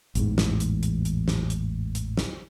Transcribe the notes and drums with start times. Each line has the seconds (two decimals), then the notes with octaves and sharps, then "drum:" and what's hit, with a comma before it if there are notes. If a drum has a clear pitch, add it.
0.15 A1 E2 G#2, drum: hi-hat
0.38 drum: snare
0.60 drum: hi-hat
0.83 drum: hi-hat
1.05 drum: hi-hat
1.28 drum: snare
1.50 drum: hi-hat
1.95 drum: hi-hat
2.17 drum: snare